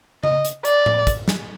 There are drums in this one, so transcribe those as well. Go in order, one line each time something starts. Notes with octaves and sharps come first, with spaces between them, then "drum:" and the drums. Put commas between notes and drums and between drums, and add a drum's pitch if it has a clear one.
D#5, drum: tom C#3
drum: hi-hat
D5, drum: hi-hat
drum: tom A2
drum: kick, hi-hat
drum: snare